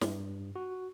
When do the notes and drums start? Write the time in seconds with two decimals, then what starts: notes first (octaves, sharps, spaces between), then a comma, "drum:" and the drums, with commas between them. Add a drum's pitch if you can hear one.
0.01 G2, drum: snare
0.56 F#4